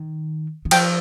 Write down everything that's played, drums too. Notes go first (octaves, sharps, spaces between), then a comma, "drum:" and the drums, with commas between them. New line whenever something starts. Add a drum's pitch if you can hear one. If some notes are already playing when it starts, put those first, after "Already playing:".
Already playing: D#3
D#3
F3 G5, drum: cymbal